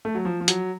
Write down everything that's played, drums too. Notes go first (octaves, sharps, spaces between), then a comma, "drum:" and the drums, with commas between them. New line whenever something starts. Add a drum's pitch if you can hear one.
A3
F#3
F3
F3
F#3, drum: hi-hat